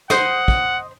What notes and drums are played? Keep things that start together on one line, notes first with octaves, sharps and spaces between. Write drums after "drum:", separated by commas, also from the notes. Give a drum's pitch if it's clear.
C5 D#5 F#5, drum: snare
drum: kick